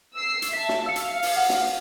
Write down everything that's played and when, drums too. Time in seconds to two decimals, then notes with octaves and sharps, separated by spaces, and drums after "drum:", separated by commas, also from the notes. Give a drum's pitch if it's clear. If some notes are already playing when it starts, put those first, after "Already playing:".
0.15 E6 C7
0.42 drum: hi-hat
0.53 E5 A5 B6
0.69 drum: snare
0.86 F5 E6 C#7
0.96 drum: hi-hat
1.22 drum: open hi-hat
1.36 F#5
1.49 drum: snare